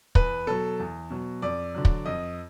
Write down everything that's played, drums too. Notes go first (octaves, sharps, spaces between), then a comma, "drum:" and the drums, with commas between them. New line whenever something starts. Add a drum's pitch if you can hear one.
E2 B4, drum: kick
B2 F#3 A4
E2
B2 F#3
F2 D5
D3 F#3
drum: kick
F2 D#5